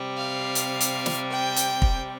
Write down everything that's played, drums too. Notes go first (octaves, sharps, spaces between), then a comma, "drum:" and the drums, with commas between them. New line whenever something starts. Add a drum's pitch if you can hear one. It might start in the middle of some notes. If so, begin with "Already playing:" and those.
Already playing: C3 G3
F5
drum: hi-hat
drum: hi-hat
drum: snare
G5
drum: hi-hat
drum: kick